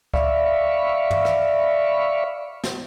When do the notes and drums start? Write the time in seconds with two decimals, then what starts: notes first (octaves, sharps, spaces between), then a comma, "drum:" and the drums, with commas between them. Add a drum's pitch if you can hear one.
0.14 D5 E5 F5 B5 C#6, drum: kick D2
1.10 drum: tom
1.25 drum: rim click
2.64 drum: snare